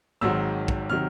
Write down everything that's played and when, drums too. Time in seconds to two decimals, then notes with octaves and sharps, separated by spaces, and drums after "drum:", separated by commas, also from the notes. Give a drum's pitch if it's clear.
0.21 G#1 G#2 D#3 F#3 E6
0.68 drum: kick
0.90 C3 D#3 F#3 F6